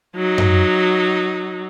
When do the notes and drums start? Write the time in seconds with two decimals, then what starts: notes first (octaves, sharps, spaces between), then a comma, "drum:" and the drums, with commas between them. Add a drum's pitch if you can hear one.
0.16 F#3 D#4
0.38 drum: tom F#2